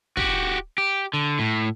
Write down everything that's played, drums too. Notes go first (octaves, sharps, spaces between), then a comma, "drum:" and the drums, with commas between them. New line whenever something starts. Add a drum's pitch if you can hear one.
F#4 G4, drum: kick
G4
D3
A2